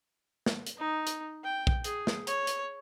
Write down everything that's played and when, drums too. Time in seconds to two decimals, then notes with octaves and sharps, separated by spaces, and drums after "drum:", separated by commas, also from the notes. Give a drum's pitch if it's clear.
0.46 drum: snare
0.67 drum: hi-hat
0.78 D#4
1.07 drum: hi-hat
1.44 G5
1.67 drum: kick
1.84 G#4, drum: hi-hat
2.07 drum: snare
2.27 C#5, drum: hi-hat
2.47 drum: hi-hat